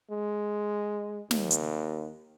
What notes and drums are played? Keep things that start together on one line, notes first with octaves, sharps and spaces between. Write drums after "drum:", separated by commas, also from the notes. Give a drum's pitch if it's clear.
G#3
D#2, drum: snare
drum: hi-hat